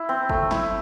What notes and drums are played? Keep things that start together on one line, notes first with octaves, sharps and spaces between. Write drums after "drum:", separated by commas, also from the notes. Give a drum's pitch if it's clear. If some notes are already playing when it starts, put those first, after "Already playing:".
Already playing: E4
C4
A3, drum: kick G1
E4, drum: snare